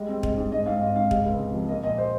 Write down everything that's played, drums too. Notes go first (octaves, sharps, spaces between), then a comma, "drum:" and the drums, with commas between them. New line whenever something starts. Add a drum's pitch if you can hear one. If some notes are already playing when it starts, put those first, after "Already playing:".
Already playing: G3 G#3
C4
G#3, drum: kick
G#2
G#2 D#5
G#2 F5
C4 D#5
G#2 F5
G#3, drum: kick
C#2
C3
F3
A#3 D#5
A#2 D#5
A#3 C5